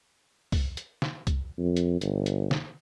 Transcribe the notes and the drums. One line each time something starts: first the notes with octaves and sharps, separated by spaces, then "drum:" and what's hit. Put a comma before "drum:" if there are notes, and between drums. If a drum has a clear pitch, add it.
drum: kick, open hi-hat
drum: hi-hat
drum: snare
drum: kick, hi-hat
F2
drum: hi-hat
G1, drum: hi-hat
drum: hi-hat
drum: snare